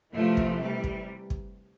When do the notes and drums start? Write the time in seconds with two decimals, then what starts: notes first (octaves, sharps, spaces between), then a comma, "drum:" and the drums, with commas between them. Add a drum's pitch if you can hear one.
0.13 C3 E3 F3 A3
0.37 drum: kick
0.60 G3
0.84 drum: kick
1.30 drum: kick